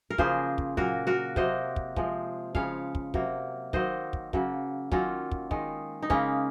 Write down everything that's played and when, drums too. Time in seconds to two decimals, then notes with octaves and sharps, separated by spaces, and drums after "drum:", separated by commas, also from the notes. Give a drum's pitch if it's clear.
0.10 A#4
0.18 C#3 F3 A#3 G#4 C5, drum: kick
0.58 drum: kick
0.77 A#2 F#3 A#3 F#4 A#4, drum: kick
1.07 F#4 A#4
1.36 C3 F#3 A#3 C5 D#5, drum: kick
1.76 drum: kick
1.96 C3 F3 G#3, drum: kick
2.55 C#3 F3 G#3 C#5 F5, drum: kick
2.95 drum: kick
3.14 C3 F#3 A#3, drum: kick
3.73 D#3 F#3 A#3 C5 D#5, drum: kick
4.13 drum: kick
4.33 C#3 F#3 A#3, drum: kick
4.92 D#3 F#3 A#3 C#4 F4, drum: kick
5.31 drum: kick
5.51 D#3 G#3, drum: kick
6.02 D#4
6.10 C#3 G#3 A#3 C#4, drum: kick